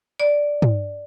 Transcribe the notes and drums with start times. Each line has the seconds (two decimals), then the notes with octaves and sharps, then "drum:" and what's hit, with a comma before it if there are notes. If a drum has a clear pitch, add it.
0.20 D5
0.62 drum: tom